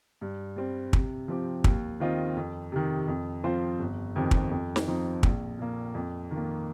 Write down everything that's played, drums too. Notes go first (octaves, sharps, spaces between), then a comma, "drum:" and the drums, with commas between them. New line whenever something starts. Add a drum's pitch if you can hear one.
G2
G3 C4
C3, drum: kick
F3 C4 G4
D#2, drum: kick
D#3 C4 F4 D#5
F2
C3 D#3
F2
F3 C4 F4 C5
G1
F2 D#3 C4 G4
drum: kick
F2
drum: snare
F3 C4 D#4
A#1, drum: kick
A#2 A#3
F2
D#3
A#3